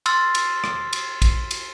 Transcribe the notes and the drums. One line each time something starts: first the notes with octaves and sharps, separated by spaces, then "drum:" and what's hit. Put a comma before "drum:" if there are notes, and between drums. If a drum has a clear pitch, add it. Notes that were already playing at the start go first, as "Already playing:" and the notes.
C6 E6 F6 A6, drum: cymbal
drum: cymbal
drum: rim click
drum: cymbal
drum: kick, cymbal
drum: cymbal